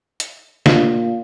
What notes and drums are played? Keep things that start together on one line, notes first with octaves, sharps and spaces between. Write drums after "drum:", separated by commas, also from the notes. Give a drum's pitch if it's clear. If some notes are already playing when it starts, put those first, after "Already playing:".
drum: hi-hat
A#2 D4 F4, drum: snare